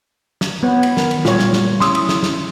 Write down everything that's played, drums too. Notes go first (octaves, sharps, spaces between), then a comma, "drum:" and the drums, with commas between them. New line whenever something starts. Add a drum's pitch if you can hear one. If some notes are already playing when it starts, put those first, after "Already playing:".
drum: snare
B3 C#5 G#6
drum: cymbal
D#3 A#4, drum: snare
drum: cymbal
A#2 G3 A3 F4 C#5, drum: snare
drum: snare
drum: snare
C#4 E4 C6 D#6 E6, drum: snare
drum: cymbal
drum: snare
drum: snare